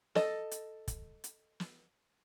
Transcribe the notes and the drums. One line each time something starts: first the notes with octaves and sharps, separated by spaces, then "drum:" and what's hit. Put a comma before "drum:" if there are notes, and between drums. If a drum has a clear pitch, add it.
A4 D#5, drum: snare
drum: hi-hat
drum: kick, hi-hat
drum: hi-hat
drum: snare